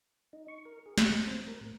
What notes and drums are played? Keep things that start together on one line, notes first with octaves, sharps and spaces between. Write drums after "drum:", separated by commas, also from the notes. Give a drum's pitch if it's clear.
D#4
C#6
A#4
G#4
D#5, drum: snare
A6
C4
A#4
A2